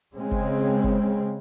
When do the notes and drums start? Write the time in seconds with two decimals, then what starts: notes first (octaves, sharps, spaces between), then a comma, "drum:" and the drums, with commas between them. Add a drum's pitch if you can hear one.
0.14 C#3 G#3 C4
0.31 drum: kick F#1
0.84 drum: kick F#1